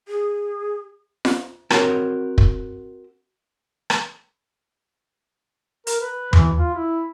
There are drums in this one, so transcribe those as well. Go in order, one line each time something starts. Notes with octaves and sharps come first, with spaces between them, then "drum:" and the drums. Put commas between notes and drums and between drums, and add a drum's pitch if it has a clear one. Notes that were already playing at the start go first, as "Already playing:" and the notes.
G#4
drum: snare F4
C4 F#4 A#4 C5 C#5 B5, drum: rim click
drum: kick
drum: rim click
A#4, drum: hi-hat
B4
E3, drum: tom E2
F4
E4